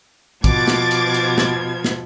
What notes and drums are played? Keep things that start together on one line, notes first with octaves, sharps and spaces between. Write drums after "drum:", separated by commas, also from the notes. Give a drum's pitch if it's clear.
B2 F3 D6 G#6 A6, drum: kick A#1, hi-hat
drum: snare
drum: hi-hat
drum: hi-hat
drum: snare
drum: snare